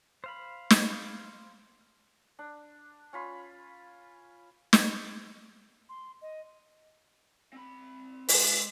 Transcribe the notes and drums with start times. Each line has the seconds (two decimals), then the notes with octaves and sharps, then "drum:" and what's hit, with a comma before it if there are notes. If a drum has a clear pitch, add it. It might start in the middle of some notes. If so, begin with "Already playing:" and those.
0.24 C5 F5 B5
0.70 drum: snare
2.39 D4
3.13 C#4 F4 B5
4.73 drum: snare
5.89 C6
6.22 D#5
7.53 C4 B5
8.29 A#1 G#3 F4 B4, drum: open hi-hat